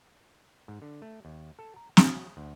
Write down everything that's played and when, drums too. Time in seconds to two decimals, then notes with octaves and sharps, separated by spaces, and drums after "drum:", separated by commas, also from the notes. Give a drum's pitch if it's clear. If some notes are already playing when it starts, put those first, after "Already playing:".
0.68 G#2
0.82 D3
1.02 A3
1.25 D#2
1.59 A4
1.76 A#5
1.97 F#3, drum: snare
2.37 D2